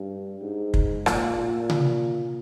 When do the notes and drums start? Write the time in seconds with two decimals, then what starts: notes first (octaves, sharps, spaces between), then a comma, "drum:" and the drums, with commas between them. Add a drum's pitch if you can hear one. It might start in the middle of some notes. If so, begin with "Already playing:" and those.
Already playing: G2
0.41 G#2
0.74 drum: kick
1.06 A#2, drum: rim click
1.38 A#2
1.70 drum: tom C3